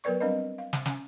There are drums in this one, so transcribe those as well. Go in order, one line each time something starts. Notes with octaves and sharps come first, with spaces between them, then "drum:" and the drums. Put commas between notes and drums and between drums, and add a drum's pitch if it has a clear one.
F#3 B3 A#4 B4 D5 C#6
G3 C4 D4 A#4 D#5
F5
drum: snare
C#4 G#5, drum: snare